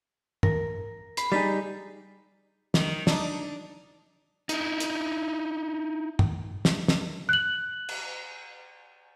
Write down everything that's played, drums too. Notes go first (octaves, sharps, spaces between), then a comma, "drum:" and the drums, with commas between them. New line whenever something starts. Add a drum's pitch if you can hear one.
A#4, drum: tom
B5 C7, drum: hi-hat
G3 D#4 G#4 A6 B6
D#3, drum: snare
D4 D#4, drum: snare
D#4 E4, drum: hi-hat
drum: hi-hat
drum: tom
drum: snare
drum: snare
F#6 F#7
drum: cymbal